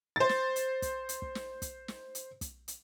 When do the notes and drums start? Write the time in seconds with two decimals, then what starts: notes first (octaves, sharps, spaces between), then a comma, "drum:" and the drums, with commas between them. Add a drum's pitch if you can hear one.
0.16 C5 A6
0.29 drum: snare
0.56 drum: hi-hat
0.82 drum: kick, hi-hat
1.09 drum: hi-hat
1.22 drum: kick
1.35 drum: snare
1.62 drum: kick, hi-hat
1.88 drum: snare
2.15 drum: hi-hat
2.41 drum: kick, hi-hat
2.68 drum: hi-hat